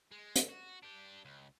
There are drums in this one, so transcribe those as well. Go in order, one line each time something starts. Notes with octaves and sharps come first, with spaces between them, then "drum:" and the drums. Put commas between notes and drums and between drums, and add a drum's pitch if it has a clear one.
G#3
drum: hi-hat
F#4
D4 G4
C#2